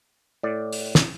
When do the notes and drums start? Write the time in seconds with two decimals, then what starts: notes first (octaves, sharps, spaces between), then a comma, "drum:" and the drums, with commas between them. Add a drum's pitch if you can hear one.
0.43 A2 D5
0.73 drum: open hi-hat
0.95 drum: snare